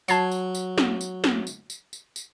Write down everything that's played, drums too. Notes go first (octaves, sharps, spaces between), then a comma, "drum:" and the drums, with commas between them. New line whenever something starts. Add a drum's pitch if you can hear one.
F#3 A5 G#6 C7, drum: tambourine
drum: tambourine
drum: tambourine
drum: snare
drum: tambourine
drum: snare
drum: tambourine
drum: tambourine
drum: tambourine
drum: tambourine